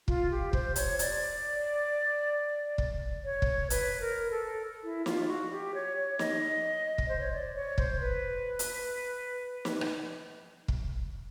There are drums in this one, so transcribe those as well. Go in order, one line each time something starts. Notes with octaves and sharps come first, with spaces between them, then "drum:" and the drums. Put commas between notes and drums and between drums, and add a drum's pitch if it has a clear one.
F4, drum: kick
G4
C5, drum: kick
C#5, drum: hi-hat
D5, drum: hi-hat
drum: kick
C#5
drum: kick
B4, drum: hi-hat
A#4
A4
E4
F4, drum: snare
G4
F#4
G4
C#5
C#5
D#5, drum: snare
drum: kick
C5
C#5
D5
C#5
C5, drum: kick
B4
drum: hi-hat
drum: snare
drum: rim click
drum: kick